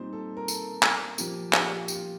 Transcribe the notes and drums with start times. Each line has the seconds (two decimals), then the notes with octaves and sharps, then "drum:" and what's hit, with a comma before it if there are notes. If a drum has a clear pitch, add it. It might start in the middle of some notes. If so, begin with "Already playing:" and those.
Already playing: A#2 G3 C4 D#4 C5
0.13 A4
0.37 A#4
0.48 A4, drum: tambourine
0.83 drum: clap
1.18 A#2 F3 A#3 G4, drum: tambourine
1.53 G4, drum: clap
1.88 G4, drum: tambourine
1.95 F4